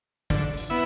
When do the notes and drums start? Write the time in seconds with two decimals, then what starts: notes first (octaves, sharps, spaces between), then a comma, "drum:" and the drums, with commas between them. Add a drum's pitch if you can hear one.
0.30 D3, drum: kick
0.57 drum: hi-hat
0.70 B3 E4